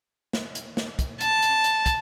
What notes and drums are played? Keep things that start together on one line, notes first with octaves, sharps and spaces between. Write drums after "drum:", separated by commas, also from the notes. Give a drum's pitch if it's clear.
drum: snare
drum: hi-hat
drum: snare
drum: kick, hi-hat
A5, drum: hi-hat
drum: hi-hat
drum: hi-hat
drum: kick, hi-hat